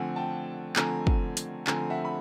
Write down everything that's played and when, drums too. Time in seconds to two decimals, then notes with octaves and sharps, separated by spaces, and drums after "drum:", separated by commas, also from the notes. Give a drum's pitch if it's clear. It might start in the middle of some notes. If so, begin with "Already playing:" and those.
Already playing: D3 F3 A3 C4 F#5 G#5
0.16 G5 A5
0.76 D3 F3 A3 C4 G#5 A#5, drum: clap
1.07 drum: kick
1.37 drum: hi-hat
1.67 D3 F3 A3 C4 G#5 A#5, drum: clap
1.90 E5 F#5
2.05 B5